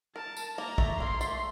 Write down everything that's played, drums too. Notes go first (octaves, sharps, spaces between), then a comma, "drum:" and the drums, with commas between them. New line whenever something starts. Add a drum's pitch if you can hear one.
A#4 A5
drum: tambourine
A#3 A#5
A3, drum: kick
A#3 C6
A3, drum: tambourine